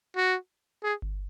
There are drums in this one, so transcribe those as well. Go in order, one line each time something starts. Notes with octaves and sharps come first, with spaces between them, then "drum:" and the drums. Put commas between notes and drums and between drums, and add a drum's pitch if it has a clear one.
F#4
G#4
drum: kick G1